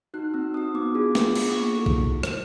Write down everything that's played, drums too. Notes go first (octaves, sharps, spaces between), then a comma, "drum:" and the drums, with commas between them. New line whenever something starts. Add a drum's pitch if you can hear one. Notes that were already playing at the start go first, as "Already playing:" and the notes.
D#4 F#4 F#6
C4 E6
D#4 F#4 D#6
B3 D6
D4 F4 G#4
B3, drum: snare
D4 F4 G#4, drum: cymbal
A#3 C#6
D#4 F#4 A4
drum: kick
drum: rim click